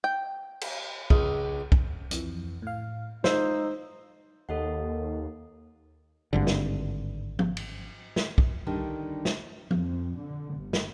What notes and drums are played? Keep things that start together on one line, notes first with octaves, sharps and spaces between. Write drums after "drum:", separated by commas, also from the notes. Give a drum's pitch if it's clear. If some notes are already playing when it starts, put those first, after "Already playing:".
G5
drum: cymbal
C#2, drum: kick B1
drum: kick B1
F2 E3, drum: hi-hat
A2 F5
G#3 D#4 F4 C5 E6, drum: snare
D#2 A4 D#5 F#5
G#1 G2 D3
drum: snare
drum: tom F3
drum: cymbal
drum: snare
drum: kick B1
D3 D#3 G3 D4
drum: snare
F2, drum: tom F3
D3
G1
drum: snare